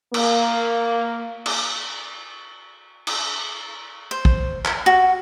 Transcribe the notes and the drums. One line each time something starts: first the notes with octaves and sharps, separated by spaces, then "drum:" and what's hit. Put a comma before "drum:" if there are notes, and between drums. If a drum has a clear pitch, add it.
A#3, drum: cymbal
drum: cymbal
drum: cymbal
C5
drum: kick
drum: clap
F#4